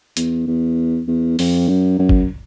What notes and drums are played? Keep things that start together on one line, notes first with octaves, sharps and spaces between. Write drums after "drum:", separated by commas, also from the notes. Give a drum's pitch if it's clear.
E2, drum: hi-hat
E2
E2
F2, drum: open hi-hat
F#2
F#2
drum: kick